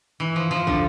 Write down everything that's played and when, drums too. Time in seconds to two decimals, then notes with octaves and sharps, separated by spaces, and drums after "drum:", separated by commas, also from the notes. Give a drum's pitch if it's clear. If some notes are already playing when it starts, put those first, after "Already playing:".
0.20 E3
0.36 F3
0.51 F3
0.67 D3, drum: kick